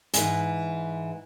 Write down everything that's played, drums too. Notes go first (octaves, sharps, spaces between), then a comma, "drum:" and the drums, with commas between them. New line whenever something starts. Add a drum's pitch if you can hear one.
G#2 E3, drum: hi-hat